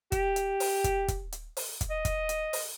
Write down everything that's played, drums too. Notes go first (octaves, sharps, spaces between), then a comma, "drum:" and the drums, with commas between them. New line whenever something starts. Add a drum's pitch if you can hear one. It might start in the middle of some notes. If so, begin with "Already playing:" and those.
G4, drum: kick, hi-hat
drum: hi-hat
drum: open hi-hat
drum: kick, hi-hat
drum: kick, hi-hat
drum: hi-hat
drum: open hi-hat
drum: kick, hi-hat
D#5
drum: kick, hi-hat
drum: hi-hat
drum: open hi-hat